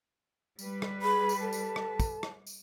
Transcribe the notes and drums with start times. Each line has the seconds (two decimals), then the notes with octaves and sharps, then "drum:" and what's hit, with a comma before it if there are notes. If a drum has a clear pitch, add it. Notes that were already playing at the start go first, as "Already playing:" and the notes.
0.59 G3 B4, drum: tambourine
0.82 drum: rim click
1.02 G#4 B5
1.29 drum: tambourine
1.41 A4 A5
1.53 drum: tambourine
1.76 drum: rim click
2.00 drum: kick, tambourine
2.23 drum: rim click
2.47 drum: tambourine